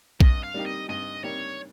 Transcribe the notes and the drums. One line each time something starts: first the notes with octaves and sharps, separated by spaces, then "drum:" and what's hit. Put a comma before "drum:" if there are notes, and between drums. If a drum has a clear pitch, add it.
G2 D#5, drum: kick B1
F5
G3 A#3 D#4 G4
D#5
G2 D#5
G3 A#3 D#4 G4 C#5